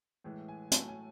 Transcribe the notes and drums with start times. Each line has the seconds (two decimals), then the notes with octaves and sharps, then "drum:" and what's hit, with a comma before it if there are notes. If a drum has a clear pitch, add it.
0.24 A2 E3 G#3
0.48 G#5
0.71 A2 F#3 A3 G#5, drum: hi-hat
0.88 G#5